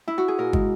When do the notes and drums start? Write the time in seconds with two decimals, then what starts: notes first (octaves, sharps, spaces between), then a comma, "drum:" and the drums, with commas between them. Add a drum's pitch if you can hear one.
0.08 E4
0.18 F#4
0.28 G#4
0.38 A#2 A#4
0.53 G#3, drum: kick